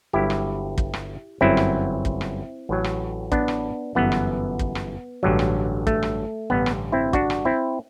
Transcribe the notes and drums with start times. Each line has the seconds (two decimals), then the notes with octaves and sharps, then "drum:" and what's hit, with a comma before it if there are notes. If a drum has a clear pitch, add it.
0.13 G1 G2 F#3 E4 G4
0.30 drum: rim click
0.78 drum: kick
0.94 drum: rim click
1.41 G1 F#2 F#3 C4 E4
1.57 drum: rim click
2.05 drum: kick
2.21 drum: rim click
2.69 A1 A2 F#3
2.84 drum: rim click
3.32 B3 D4, drum: kick
3.48 drum: rim click
3.95 G1 F#2 E3 B3
4.12 drum: rim click
4.59 drum: kick
4.75 drum: rim click
5.23 A1 G2 D3 F#3
5.39 drum: rim click
5.87 A3, drum: kick
6.03 drum: rim click
6.50 A1 G2 D3 B3
6.66 drum: rim click
6.92 C4 E4
7.13 D4 F#4, drum: kick
7.30 drum: rim click
7.45 C4 E4